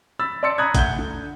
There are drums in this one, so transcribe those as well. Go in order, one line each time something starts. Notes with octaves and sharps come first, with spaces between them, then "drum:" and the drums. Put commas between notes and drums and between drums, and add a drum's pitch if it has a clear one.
B5 E6 A6
D5 A5 C6 E6 A6 C#7
A#5 B5 D#6 F#6 G#6
D2 F#5 G6 G7, drum: kick, hi-hat
D3